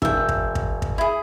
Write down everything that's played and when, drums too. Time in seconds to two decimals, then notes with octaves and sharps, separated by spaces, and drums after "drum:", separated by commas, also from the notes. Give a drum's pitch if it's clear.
0.02 E1 E5 G5, drum: kick
0.29 drum: kick
0.55 drum: kick
0.82 drum: kick
0.98 E4 G#4 E5